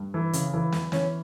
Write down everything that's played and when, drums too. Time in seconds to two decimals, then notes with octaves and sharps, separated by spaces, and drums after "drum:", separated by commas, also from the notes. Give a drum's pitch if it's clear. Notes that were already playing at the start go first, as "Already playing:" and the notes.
Already playing: G2
0.14 E3
0.33 C#3, drum: hi-hat
0.54 E3
0.72 E2, drum: snare
0.92 E3 C#4, drum: snare